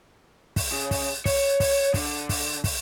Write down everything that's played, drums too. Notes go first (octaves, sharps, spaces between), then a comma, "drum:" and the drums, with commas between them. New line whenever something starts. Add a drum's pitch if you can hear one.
drum: kick, open hi-hat
C#3
drum: kick, open hi-hat
C#5, drum: kick, open hi-hat
drum: kick, open hi-hat
D3, drum: kick, open hi-hat
drum: kick, open hi-hat
drum: kick, open hi-hat